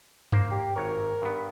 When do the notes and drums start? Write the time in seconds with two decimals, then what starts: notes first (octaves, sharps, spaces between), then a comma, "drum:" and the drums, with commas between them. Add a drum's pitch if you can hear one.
0.32 A#3 C5, drum: tom F#2
0.51 G4
0.76 G#1 A#4 C#5
1.22 G2 B3